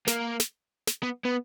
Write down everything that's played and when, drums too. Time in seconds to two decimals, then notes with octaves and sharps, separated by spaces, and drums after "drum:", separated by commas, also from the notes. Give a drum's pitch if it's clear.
0.08 A#3, drum: snare
0.40 drum: snare
0.87 drum: snare
1.03 B3
1.25 B3